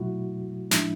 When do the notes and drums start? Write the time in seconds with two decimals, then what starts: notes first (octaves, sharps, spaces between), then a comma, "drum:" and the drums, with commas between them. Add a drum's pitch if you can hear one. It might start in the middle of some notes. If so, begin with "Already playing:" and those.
Already playing: B2 F#3 A3 E4 F#4
0.71 A2 F3 G#3 D4 E4, drum: snare